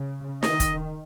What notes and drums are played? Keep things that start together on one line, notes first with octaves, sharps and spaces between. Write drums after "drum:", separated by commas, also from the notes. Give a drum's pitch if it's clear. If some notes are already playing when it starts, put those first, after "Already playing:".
Already playing: C#3
D#3 D#5, drum: snare
drum: kick, hi-hat